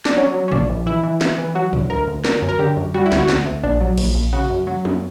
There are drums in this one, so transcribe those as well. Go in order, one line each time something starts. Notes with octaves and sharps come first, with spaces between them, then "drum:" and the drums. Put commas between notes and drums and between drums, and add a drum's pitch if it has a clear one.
D4, drum: snare
F#3 C#4
F#3
C#4
A#1 D4, drum: tom
A#1
E3 E4
E3
E3, drum: snare
E3
F#3 F#4
D2, drum: tom
D2 A#4
D2
D3 A#4, drum: snare
F#2
A#4
D3 G4
F#2
G3 F#4
E4
D2, drum: snare
F#4
D2, drum: snare
D2
A#1 D4
F#3
A#1, drum: cymbal
A#1
C#3 F#4
F#2
F#3
F#2, drum: tom